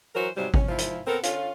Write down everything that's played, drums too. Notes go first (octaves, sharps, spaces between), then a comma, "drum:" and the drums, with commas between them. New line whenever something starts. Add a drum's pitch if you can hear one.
E3 F#3 F#4 A#4 C5
G#2 C3 F#3 G3 C5
C#4, drum: kick G#1
G#2 F3 E4 F4
drum: hi-hat
B3 C4 A4 A#4
D3 C#4 F4, drum: hi-hat